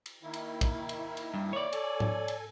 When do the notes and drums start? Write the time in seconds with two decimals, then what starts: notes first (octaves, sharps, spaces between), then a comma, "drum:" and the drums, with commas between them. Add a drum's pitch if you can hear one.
0.06 drum: cymbal
0.23 D#3 A#3 E4
0.34 drum: cymbal
0.61 drum: kick, cymbal
0.89 drum: cymbal
1.17 drum: cymbal
1.34 G2
1.53 C#5 D5
1.73 A4 G#5, drum: cymbal
2.00 drum: tom G#2
2.28 drum: cymbal